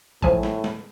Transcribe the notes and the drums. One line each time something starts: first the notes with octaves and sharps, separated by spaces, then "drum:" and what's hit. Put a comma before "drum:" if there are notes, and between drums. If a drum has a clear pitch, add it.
A2 F3 G#5, drum: kick
drum: snare
drum: snare